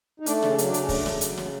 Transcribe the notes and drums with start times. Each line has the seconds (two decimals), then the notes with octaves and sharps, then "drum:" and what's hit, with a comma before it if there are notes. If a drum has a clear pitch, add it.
0.20 D#4
0.26 A3 D4, drum: hi-hat
0.42 C#3 D4, drum: snare
0.48 C#4
0.58 F#3, drum: hi-hat
0.68 D4
0.74 C#3 C#4, drum: hi-hat
0.89 A3 D4, drum: kick, open hi-hat
1.06 C#3, drum: snare
1.21 F#3, drum: hi-hat
1.37 C#3, drum: snare